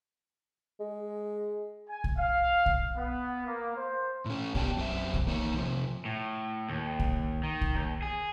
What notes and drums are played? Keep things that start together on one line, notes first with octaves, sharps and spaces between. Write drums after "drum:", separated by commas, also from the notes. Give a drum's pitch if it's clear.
G#3
G#5
drum: kick
F5
drum: kick
B3
A#3
C5
A2 C#4
B3 C#4 G4 D5 G5 A5, drum: kick
F#2 C4 E5
drum: kick
D#3 A#3 D#4 C#5
C3 F3
A2
D#2
drum: kick
D#3
drum: kick
D#2
G#4